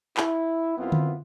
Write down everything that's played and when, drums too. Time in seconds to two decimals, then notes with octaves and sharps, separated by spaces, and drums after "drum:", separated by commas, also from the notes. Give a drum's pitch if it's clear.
0.17 E4, drum: clap
0.77 F#2 B3 C4 E4 F4
0.92 drum: tom D3